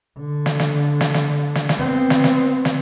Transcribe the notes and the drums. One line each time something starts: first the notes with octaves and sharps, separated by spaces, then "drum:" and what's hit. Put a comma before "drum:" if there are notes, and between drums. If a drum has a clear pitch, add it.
D3
drum: snare
drum: snare
drum: snare
drum: snare
drum: snare
drum: snare
B3 C4
drum: snare
drum: snare
drum: snare